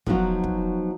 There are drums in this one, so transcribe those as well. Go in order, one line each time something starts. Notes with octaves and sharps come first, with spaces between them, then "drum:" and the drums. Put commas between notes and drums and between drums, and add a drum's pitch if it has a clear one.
F3 F#3 B3 D#4 F#4, drum: kick
drum: kick